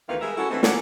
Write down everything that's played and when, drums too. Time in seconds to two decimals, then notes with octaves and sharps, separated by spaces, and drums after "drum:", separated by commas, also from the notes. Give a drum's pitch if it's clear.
0.09 D2 D#3 E3 B3 B4 F5
0.21 G3 G#3 A#4 E5
0.37 C#4 E4 F#4 A4
0.50 E3 A3 B3 C4 D4 D#4
0.63 A3 C#4 A#4 D5 F#5, drum: snare